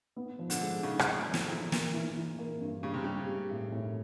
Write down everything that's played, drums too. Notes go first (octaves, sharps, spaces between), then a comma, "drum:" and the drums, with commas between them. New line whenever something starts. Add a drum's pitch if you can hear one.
B3
F3
D3, drum: hi-hat
G#3
C#3 D#4
C3, drum: rim click
G#3
A#2
F3
A2, drum: snare
A#2 E3
A#3, drum: snare
E3
E3
A#3
G2
C#3 G3
C3
C#3 G3
G3
A2
A2